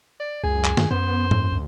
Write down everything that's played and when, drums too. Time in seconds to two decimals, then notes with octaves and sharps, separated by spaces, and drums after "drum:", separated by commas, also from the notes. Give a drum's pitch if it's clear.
0.20 D5
0.44 C#2 F#2 G#4
0.64 drum: clap
0.77 G2 D#3, drum: snare
0.91 F#2 B3 C5
1.31 A2, drum: tom G#2
1.52 D2